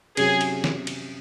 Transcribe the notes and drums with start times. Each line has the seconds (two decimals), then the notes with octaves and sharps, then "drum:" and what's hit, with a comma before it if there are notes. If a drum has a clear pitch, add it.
0.17 C3 F#3 C#4 G#4, drum: cymbal
0.41 drum: cymbal
0.64 drum: snare
0.87 drum: cymbal